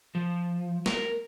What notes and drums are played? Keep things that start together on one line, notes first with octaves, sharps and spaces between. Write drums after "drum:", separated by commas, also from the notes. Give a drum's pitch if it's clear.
F3
A#4, drum: snare